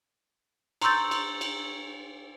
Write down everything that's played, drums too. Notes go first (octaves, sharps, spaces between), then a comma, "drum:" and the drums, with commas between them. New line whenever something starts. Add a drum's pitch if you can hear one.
A#5 C6 C#6 E6 G6 A6, drum: cymbal
drum: cymbal
drum: cymbal